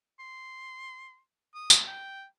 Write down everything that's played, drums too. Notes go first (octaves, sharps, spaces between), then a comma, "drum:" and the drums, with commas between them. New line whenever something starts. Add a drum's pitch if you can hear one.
C6
D#6
drum: tambourine
G5